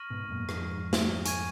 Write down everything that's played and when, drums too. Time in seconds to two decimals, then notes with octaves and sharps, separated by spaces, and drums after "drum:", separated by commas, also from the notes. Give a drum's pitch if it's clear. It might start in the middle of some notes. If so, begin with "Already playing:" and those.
Already playing: C#6 F6 A#6 D#7 F#7
0.10 G#2 B2
0.30 F#2 A#2
0.49 F2 G#2, drum: rim click
0.93 drum: snare
1.25 G#5 C#6 G#6 D#7, drum: hi-hat